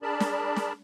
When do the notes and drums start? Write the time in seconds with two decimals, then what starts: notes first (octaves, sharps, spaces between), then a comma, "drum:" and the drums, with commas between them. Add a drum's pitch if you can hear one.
0.03 D4 G#4 A#4 D5 A5 B5
0.20 drum: snare
0.56 drum: snare